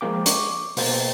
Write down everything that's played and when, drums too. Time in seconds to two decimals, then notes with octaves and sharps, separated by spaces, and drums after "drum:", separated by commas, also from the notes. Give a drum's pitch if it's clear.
0.01 F3 G#3 A#3 G5 D6
0.26 C#6 D6, drum: hi-hat
0.77 B2 A#3 C5 G5 A6, drum: open hi-hat